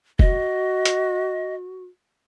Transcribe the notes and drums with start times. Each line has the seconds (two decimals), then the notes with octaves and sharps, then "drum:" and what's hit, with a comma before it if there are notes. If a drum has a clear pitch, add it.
0.19 F#4 D#5, drum: kick F1
0.85 drum: hi-hat